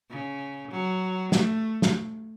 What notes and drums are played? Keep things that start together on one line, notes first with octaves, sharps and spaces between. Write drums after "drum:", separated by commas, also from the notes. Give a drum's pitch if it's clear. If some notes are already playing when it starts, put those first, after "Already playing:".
C#3
F#3
A3, drum: snare
drum: snare